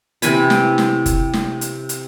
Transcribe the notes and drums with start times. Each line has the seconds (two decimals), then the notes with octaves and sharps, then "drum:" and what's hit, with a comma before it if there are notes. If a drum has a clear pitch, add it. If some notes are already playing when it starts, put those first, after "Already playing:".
0.22 C3 E3 G#5 B5, drum: hi-hat
0.50 drum: snare
0.78 drum: snare
1.06 drum: kick F#1, hi-hat
1.33 drum: snare
1.61 drum: hi-hat
1.89 drum: hi-hat